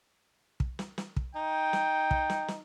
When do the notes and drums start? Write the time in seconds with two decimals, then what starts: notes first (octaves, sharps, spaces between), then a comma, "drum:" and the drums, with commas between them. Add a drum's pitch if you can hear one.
0.60 drum: kick
0.79 drum: snare
0.98 drum: snare
1.16 drum: kick
1.35 D#4 G5
1.73 drum: snare
2.11 drum: kick
2.30 drum: snare
2.48 drum: snare